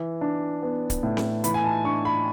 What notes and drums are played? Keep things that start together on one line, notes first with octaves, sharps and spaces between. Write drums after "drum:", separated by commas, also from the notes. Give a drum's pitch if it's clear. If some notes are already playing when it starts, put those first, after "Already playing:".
Already playing: E3
D4
B3
drum: kick C#1, hi-hat
A2
drum: snare C4
E3 B5, drum: hi-hat
G#5
A5
D4 C#6
B5